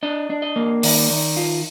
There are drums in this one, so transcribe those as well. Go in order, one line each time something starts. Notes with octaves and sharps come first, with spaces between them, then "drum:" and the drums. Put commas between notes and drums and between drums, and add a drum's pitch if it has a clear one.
D4 D#5
D4
D#5
A#3
D#3 D5, drum: open hi-hat
D#3
F4